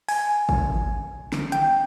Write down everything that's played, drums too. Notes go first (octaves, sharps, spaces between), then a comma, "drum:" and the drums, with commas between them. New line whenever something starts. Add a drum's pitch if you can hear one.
G#5, drum: open hi-hat
drum: kick
drum: snare
G5, drum: hi-hat